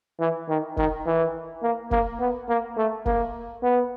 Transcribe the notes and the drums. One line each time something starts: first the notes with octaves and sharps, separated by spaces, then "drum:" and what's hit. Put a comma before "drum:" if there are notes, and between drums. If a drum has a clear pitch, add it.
E3
D#3
D#3, drum: kick
E3
A#3
A#3, drum: kick
B3
A#3
A3
A#3, drum: kick
B3